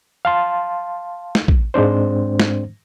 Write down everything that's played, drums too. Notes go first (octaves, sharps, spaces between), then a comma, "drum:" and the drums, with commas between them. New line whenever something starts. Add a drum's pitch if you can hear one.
F5 A5 C6
drum: snare
drum: kick
G#2 G#3 C4 D4 C5
drum: snare